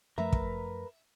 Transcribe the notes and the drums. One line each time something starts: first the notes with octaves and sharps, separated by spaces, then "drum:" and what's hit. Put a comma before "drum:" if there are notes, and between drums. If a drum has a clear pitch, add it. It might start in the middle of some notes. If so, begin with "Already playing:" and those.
F#2 F3 A3 A#4 B4 E5 A#5
drum: kick